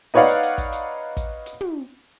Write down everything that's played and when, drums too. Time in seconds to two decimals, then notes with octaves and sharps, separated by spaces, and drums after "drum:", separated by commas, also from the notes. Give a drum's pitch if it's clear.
0.14 D#4 B4 C#5 D5 F5 F#5
0.28 drum: hi-hat
0.43 drum: hi-hat
0.58 drum: kick, hi-hat
0.73 drum: hi-hat
1.17 drum: kick, hi-hat
1.46 drum: hi-hat
1.61 drum: tom